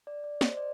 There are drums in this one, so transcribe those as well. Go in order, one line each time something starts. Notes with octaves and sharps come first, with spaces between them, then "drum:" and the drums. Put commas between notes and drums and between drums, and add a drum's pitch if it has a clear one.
D5
D5
D#5, drum: snare
C5
D5